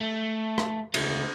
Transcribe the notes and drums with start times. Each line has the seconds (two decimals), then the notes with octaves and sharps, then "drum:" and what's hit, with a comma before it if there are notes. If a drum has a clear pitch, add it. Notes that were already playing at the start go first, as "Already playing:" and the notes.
0.01 A3
0.58 drum: rim click
0.94 C#2 A3, drum: cymbal